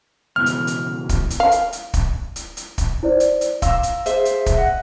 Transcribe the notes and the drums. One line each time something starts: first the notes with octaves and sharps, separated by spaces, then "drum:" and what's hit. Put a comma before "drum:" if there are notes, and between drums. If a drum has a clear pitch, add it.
C#2 B2 E3 F6
drum: hi-hat
drum: hi-hat
drum: kick, hi-hat
drum: hi-hat
F5
drum: hi-hat
drum: hi-hat
drum: kick, hi-hat
drum: hi-hat
drum: hi-hat
drum: kick, hi-hat
E4 C5 D5
drum: hi-hat
drum: hi-hat
F5 A#5 C6 E6, drum: kick, hi-hat
drum: hi-hat
G#4 C5 E5, drum: hi-hat
drum: hi-hat
drum: kick, hi-hat
D#5 F#5